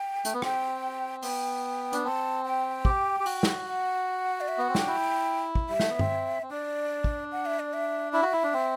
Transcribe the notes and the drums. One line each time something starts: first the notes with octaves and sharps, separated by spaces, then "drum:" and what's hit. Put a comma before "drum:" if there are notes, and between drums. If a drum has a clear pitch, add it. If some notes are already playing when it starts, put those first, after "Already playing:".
Already playing: G5
A3, drum: hi-hat
B3
C4 G5, drum: rim click
B3 G5, drum: open hi-hat
D4, drum: hi-hat
C4 A5
G5
G4, drum: kick
G4
F#4, drum: open hi-hat
drum: snare
F#5
D5
E5
B3 F#5
C4
D4 G5, drum: snare
E4
drum: kick
G3 E5
A3, drum: snare
B3
C4, drum: tom G2
C4
D4 D5
drum: kick
F#5
E5
D5
E5
E4 E5
F#4
E4
D4
C4